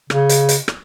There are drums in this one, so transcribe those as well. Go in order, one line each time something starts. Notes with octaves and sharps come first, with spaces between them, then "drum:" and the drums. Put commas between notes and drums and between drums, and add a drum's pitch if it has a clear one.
C#3, drum: rim click
drum: hi-hat
drum: hi-hat
drum: rim click